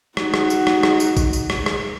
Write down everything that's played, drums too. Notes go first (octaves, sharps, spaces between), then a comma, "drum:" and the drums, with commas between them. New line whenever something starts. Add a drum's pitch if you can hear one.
D#4 F#4, drum: rim click
drum: rim click
drum: tambourine
drum: rim click
drum: rim click
drum: tambourine
drum: kick A1, tambourine
drum: tambourine
drum: rim click
drum: rim click